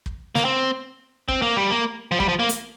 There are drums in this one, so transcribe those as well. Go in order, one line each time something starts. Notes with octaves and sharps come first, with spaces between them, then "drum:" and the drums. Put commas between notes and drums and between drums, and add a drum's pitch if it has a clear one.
drum: kick
A#3, drum: snare
C4
C4, drum: kick
A#3
G3
A#3
F3
G3, drum: kick
F3
A#3
drum: hi-hat